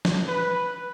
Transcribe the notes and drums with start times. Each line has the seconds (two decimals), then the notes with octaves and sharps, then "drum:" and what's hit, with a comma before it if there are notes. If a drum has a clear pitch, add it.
0.05 drum: snare
0.28 B4